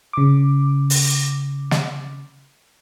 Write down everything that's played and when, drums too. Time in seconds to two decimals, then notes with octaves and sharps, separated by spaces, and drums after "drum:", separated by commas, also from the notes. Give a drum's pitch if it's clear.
0.13 C#3 D6
0.90 drum: open hi-hat
1.71 drum: snare